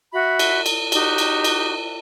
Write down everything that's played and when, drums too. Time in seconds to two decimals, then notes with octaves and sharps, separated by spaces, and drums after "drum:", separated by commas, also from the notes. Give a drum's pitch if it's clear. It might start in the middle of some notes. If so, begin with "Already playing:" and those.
0.13 F#4 E5 B5
0.39 drum: cymbal
0.66 drum: cymbal
0.92 D#4 F#4 G4, drum: cymbal
1.18 drum: cymbal
1.44 drum: cymbal